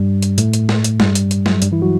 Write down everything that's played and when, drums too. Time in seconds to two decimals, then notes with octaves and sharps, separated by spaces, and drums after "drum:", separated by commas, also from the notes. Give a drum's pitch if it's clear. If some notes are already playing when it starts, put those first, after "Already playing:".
Already playing: G2 G3
0.22 drum: hi-hat
0.38 A2 A3, drum: hi-hat
0.53 drum: hi-hat
0.69 drum: snare
0.84 drum: hi-hat
1.00 G2 G3, drum: snare
1.15 drum: hi-hat
1.31 drum: hi-hat
1.46 F#3, drum: snare
1.62 G2 G3, drum: hi-hat
1.72 E3 E4
1.82 F#3 F#4